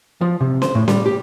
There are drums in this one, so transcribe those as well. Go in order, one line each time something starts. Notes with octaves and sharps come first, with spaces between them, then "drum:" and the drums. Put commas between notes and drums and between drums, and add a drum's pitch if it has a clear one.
F3
C3
C5, drum: snare C#4
A2
G3, drum: snare C#4
G4